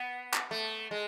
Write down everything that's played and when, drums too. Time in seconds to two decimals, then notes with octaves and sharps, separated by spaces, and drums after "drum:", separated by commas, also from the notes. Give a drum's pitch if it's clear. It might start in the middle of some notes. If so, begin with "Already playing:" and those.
Already playing: B3
0.34 drum: clap
0.51 A3
0.91 G#3